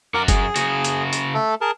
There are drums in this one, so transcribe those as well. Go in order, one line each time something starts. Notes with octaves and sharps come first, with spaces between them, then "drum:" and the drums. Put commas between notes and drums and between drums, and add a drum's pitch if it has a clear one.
F#2 F#3 A#4 F#5 D6
G#4, drum: kick F#1, hi-hat
C#3 F#4, drum: hi-hat
drum: hi-hat
drum: hi-hat
A3 A4
G#4 A#4 A5